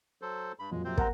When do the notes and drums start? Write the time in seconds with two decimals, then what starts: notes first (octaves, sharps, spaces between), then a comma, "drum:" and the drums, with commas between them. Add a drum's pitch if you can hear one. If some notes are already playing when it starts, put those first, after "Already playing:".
0.22 F#3 A4 C5
0.59 G2 B5
0.71 F2 A#2 F#3 G#3
0.85 C3 C4 C5
0.98 A#3 A#4 F#5 A#5, drum: kick